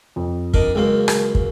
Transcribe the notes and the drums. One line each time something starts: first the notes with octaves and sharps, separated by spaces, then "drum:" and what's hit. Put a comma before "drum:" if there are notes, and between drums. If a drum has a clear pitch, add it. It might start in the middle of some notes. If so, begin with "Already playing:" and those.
F2
D4 D#4 A#4, drum: kick
C#2 F#2 G#3 A#3
drum: rim click
drum: kick